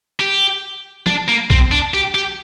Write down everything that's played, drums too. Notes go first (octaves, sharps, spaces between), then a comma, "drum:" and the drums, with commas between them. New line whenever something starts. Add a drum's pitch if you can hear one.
G4
D4, drum: tom
A#3
C4, drum: kick A#1
D4
G4
G4